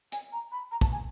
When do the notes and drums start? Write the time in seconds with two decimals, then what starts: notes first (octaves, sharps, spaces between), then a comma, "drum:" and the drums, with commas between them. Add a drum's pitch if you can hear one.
0.12 G#5, drum: hi-hat
0.32 A#5
0.52 B5
0.72 A#5
0.81 A5, drum: kick
0.92 G#5